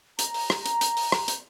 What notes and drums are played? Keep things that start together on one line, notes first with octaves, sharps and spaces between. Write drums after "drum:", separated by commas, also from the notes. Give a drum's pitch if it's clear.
A#5, drum: hi-hat
drum: open hi-hat
drum: rim click
drum: hi-hat
drum: hi-hat
drum: open hi-hat
drum: rim click
drum: hi-hat